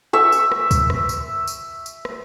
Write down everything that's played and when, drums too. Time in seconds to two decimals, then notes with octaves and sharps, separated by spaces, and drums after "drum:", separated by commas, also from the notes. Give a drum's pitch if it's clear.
0.13 E5 C#6
0.32 drum: tambourine
0.52 drum: rim click
0.71 drum: kick, tambourine
0.90 drum: rim click
1.09 drum: tambourine
1.47 drum: tambourine
1.86 drum: tambourine
2.05 drum: rim click